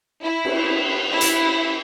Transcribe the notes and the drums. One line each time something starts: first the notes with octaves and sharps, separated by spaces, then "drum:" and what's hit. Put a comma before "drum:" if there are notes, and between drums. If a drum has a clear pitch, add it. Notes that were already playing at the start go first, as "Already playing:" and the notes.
E4
drum: cymbal
E4
drum: hi-hat